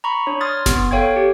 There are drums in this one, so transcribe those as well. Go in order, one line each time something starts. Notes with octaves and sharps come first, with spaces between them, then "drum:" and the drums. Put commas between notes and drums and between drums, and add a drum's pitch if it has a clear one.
A#5 B5 C#6
D4 C#5
C6 D#6 F6 G#6 A6
B3, drum: snare F#1
A4 C#5 F5 G5 G#6
G4